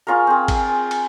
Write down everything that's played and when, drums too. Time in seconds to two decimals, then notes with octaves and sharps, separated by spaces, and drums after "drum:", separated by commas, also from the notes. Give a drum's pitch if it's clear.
0.07 C#4 F4 G#4 A#4
0.27 C4 G#4
0.48 drum: kick, cymbal
0.91 drum: cymbal